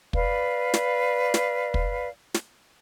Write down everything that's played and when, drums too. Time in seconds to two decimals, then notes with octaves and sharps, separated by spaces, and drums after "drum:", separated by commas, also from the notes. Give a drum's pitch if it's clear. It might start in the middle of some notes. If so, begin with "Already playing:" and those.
0.13 B4 D5 F5, drum: kick
0.74 drum: snare
1.34 drum: snare
1.74 drum: kick
2.34 drum: snare